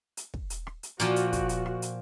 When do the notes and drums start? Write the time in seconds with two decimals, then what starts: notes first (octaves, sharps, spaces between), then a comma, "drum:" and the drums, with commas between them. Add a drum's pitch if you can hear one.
0.17 drum: hi-hat
0.34 drum: kick
0.50 drum: hi-hat
0.67 drum: rim click
0.83 drum: hi-hat
1.00 A#2 F3 F#4, drum: hi-hat
1.16 drum: hi-hat
1.33 drum: kick, hi-hat
1.49 drum: hi-hat
1.66 drum: rim click
1.82 drum: hi-hat